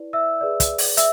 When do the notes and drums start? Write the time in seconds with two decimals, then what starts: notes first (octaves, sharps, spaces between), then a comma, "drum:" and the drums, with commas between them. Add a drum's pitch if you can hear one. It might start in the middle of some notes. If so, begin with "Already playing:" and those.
Already playing: E4 B4 D5
0.13 E5 E6
0.41 G#4 B4 D5
0.60 drum: kick, hi-hat
0.78 drum: open hi-hat
0.97 E5 E6, drum: hi-hat